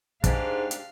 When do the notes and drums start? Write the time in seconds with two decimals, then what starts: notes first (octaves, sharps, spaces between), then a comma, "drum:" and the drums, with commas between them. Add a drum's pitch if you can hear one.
0.24 G#2 D4 G4 F5, drum: kick, hi-hat
0.71 drum: hi-hat